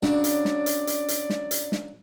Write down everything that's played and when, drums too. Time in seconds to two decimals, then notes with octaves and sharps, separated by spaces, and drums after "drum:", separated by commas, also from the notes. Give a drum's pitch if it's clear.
0.03 C#3 F#3 D4 D5, drum: snare
0.24 drum: hi-hat
0.45 drum: snare
0.66 drum: hi-hat
0.87 drum: hi-hat
1.08 drum: hi-hat
1.30 drum: snare
1.51 drum: hi-hat
1.72 drum: snare